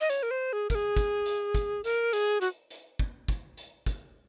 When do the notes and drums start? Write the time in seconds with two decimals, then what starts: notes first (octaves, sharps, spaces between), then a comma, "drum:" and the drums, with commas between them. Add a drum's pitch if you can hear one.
0.01 D#5
0.10 C#5, drum: hi-hat
0.23 A#4
0.31 C5
0.53 G#4
0.70 A#4, drum: kick, hi-hat
0.75 G#4
0.97 drum: kick, hi-hat
1.26 drum: hi-hat
1.55 drum: kick, hi-hat
1.84 A#4, drum: hi-hat
2.13 G#4, drum: hi-hat
2.41 F#4, drum: hi-hat
2.70 drum: hi-hat
2.99 drum: kick
3.28 drum: kick, hi-hat
3.57 drum: hi-hat
3.86 drum: kick, hi-hat